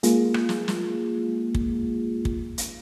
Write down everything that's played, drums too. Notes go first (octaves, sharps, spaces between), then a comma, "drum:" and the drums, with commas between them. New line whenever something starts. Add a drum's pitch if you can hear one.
G#3 A#3 F4 G#4, drum: hi-hat
drum: rim click
drum: snare
drum: snare
drum: kick
drum: kick
drum: hi-hat